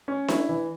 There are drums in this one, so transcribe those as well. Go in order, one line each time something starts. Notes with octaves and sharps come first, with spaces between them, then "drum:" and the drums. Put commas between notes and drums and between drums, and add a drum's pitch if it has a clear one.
C#4
E4, drum: snare D4
E3